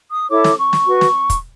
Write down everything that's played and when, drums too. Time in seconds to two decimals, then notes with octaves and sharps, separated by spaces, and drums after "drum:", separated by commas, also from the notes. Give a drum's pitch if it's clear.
0.11 D#6
0.30 E4 A4 C#5 D6
0.44 drum: snare
0.59 C#6
0.73 drum: snare
0.87 F#4 B4
1.01 drum: snare
1.30 drum: kick, hi-hat